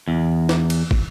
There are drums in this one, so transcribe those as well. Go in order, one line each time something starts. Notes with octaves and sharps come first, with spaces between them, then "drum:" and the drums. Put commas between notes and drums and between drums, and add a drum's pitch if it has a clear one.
E2
drum: snare
drum: cymbal
drum: kick